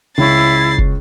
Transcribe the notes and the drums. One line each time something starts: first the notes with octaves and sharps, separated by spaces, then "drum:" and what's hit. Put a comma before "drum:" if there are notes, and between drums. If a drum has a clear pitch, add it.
C#2 E4 C#5 C#6 A6 C7
drum: kick